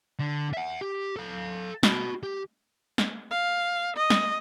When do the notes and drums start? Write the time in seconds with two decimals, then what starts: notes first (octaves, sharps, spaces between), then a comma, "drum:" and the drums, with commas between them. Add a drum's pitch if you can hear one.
0.19 D3
0.53 E5 F#5
0.81 G4
1.16 A4 F5
1.83 F#4 B5, drum: snare
2.23 G4
2.98 drum: snare
3.31 F5
3.96 D#5
4.10 drum: snare